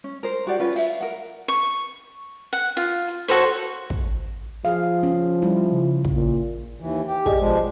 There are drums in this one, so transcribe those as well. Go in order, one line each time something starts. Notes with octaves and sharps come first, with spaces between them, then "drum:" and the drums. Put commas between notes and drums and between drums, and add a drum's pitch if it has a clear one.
C#4
A#4 C5
F#4 G4 D5 F#5
C#4 F4 B4
E5 F5, drum: open hi-hat
A#4 F#5
C#6
F#5
F4
drum: hi-hat
F#4 A4 C5 C#5
drum: kick
F3 G#4 F5
C#4
G3 E4
C#3
drum: kick
A#2
D#2 E3
G4
G#4 D5 D#5, drum: kick
B2 F3 G#3